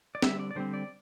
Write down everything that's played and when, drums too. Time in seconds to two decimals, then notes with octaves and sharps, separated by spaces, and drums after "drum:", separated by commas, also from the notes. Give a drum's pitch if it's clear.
0.15 D5
0.22 D3 G3 C4 E5, drum: snare C4
0.39 D5
0.51 D5
0.55 D3 G3 C4 C5
0.73 D5